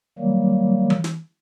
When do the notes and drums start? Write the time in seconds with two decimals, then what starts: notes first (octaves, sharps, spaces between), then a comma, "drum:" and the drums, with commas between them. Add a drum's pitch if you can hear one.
0.19 D#3 F#3 G3 A#3
0.90 drum: tom E3
1.04 drum: snare